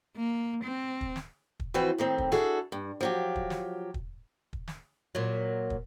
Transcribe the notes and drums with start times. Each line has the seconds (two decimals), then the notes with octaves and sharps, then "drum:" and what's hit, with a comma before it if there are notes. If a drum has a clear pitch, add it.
0.17 A#3
0.64 C4
1.01 drum: kick
1.16 drum: snare
1.60 drum: kick
1.74 E3 F3 C4 F#4 B4
1.98 A2 D#3 C4
2.18 drum: kick
2.32 D4 E4 F#4 G#4 A4, drum: snare
2.72 G2
3.01 F3 F#3 G4
3.36 drum: kick
3.50 drum: snare
3.94 drum: kick
4.53 drum: kick
4.68 drum: snare
5.15 A#2 F#3
5.70 drum: kick